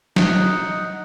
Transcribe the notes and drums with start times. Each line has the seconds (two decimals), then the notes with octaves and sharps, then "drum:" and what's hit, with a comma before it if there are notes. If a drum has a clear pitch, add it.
0.16 D#4 F#5, drum: snare